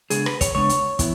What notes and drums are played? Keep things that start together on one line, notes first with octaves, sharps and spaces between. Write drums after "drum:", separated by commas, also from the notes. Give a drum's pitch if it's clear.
C#3 G#3 B3 D4 G#4, drum: hi-hat
B4, drum: rim click
C#5, drum: kick, hi-hat
C#3 G#3 B3 D4 C#5
drum: hi-hat
E3 B3 E4, drum: kick, hi-hat